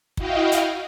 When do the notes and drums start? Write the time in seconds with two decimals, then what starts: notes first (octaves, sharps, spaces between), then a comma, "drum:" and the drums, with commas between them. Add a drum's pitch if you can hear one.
0.17 E4 F#4 D#5 F5 G5, drum: kick
0.52 drum: hi-hat